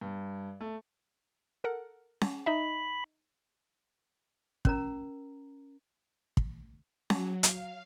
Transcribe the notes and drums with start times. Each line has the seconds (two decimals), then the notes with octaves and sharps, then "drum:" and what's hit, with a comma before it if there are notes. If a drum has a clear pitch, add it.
0.01 G2
0.60 A3
1.64 A4 A#4 F#5
2.21 drum: snare C#4
2.46 D#4 D#5 E5 B5
4.65 C#4 A#4 A#5, drum: kick
6.37 drum: kick
7.10 F#3, drum: snare C#4
7.43 F5, drum: hi-hat